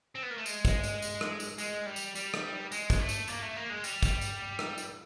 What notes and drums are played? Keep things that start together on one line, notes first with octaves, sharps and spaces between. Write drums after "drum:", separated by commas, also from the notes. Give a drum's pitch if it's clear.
C4
B3
A#3
A3
G#3, drum: tambourine
drum: kick, tambourine
drum: tambourine
drum: tambourine
drum: rim click
drum: tambourine
G#3, drum: tambourine
G3
drum: tambourine
G3, drum: tambourine
drum: rim click
G#3, drum: tambourine
drum: kick, tambourine
A3
drum: tambourine
A#3, drum: tambourine
A3
A#3
G#3
G3, drum: tambourine
drum: kick, tambourine
drum: tambourine
drum: rim click
drum: tambourine